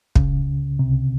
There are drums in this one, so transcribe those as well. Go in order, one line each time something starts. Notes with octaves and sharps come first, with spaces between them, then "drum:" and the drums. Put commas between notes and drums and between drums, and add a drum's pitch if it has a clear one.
C#2 C#3, drum: kick
C2 C3